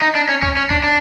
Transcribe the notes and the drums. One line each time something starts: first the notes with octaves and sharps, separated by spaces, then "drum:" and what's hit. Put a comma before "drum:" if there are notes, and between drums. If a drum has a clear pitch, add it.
D#4
D4
C#4
C#4, drum: kick
C#4
D4, drum: kick
D4